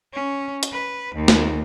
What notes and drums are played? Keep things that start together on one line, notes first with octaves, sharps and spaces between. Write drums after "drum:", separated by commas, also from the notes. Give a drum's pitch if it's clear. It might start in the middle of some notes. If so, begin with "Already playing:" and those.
C#4
drum: hi-hat
B4
D#2
drum: snare